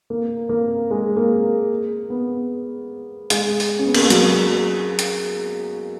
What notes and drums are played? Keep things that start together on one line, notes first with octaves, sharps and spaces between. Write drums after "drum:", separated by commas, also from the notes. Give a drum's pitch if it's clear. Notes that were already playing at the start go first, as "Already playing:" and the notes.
A#3
A#3
G#3
A#3
B3
G#3, drum: hi-hat
drum: open hi-hat
C#4
B3
A#3, drum: cymbal
G#3
F#3, drum: hi-hat
drum: hi-hat